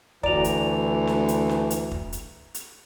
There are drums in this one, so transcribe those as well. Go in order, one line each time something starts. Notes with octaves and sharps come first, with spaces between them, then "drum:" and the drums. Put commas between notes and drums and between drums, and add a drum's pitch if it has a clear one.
D2 E3 F#4 D5 A#5 F7, drum: kick
drum: hi-hat
drum: snare
drum: hi-hat
drum: snare
drum: hi-hat
drum: kick
drum: hi-hat
drum: hi-hat